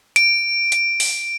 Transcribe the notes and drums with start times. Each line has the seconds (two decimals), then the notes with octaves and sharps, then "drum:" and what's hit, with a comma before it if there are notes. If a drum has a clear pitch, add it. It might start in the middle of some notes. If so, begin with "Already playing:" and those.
0.16 D7, drum: hi-hat
0.72 drum: hi-hat
1.00 drum: open hi-hat